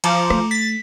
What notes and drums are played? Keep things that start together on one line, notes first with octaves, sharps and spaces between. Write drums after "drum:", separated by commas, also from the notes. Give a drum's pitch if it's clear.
F3 A#5 D6, drum: cymbal
A3, drum: rim click
A6 B6